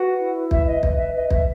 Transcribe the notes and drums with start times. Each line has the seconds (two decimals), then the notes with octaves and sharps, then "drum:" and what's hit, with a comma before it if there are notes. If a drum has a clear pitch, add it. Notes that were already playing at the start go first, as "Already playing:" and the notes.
Already playing: F#4 B4 F#5
0.20 E4
0.51 B4 E5, drum: kick
0.67 D#5
0.83 B4 D#5, drum: kick
0.99 E5
1.14 B4 D#5
1.31 E5, drum: kick